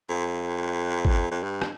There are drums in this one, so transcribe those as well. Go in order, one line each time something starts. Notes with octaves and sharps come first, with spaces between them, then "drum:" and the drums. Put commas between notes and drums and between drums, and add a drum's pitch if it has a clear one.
F2
drum: kick
F2
G2
drum: rim click